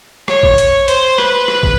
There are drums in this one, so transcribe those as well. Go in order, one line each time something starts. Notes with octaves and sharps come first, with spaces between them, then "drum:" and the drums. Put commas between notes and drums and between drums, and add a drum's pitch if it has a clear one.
C#5, drum: rim click
drum: kick
drum: hi-hat
C5, drum: hi-hat
B4, drum: rim click
drum: rim click
drum: kick